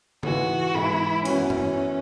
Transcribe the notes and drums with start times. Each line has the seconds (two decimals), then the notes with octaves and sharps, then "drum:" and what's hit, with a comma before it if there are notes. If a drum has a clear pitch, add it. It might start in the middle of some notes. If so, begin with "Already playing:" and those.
0.23 G#2 E3 G#3 F#4, drum: tom C#3
0.74 G#2 E3 G#3 E4
1.25 F#2 E3 B3 C#4 F#4 C#5, drum: cymbal
1.50 drum: tom